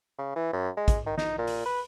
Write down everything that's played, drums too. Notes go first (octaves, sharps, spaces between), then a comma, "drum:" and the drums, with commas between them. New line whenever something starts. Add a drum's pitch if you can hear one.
C#3
E3
F#2
G#3
drum: kick, hi-hat
D#3
D#4, drum: snare
A#2
drum: open hi-hat
B4